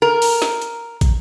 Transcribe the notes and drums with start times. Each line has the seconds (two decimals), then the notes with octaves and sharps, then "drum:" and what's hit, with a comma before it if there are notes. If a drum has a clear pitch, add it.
0.02 A#4
0.22 drum: open hi-hat
0.42 drum: snare
0.62 drum: hi-hat
1.01 drum: kick, hi-hat